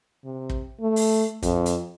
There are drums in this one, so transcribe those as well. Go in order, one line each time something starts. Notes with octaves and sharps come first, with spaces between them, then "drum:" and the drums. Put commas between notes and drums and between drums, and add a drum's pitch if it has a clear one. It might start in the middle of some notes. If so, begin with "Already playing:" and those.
C3
drum: kick
A3
drum: open hi-hat
F2, drum: kick, hi-hat
drum: hi-hat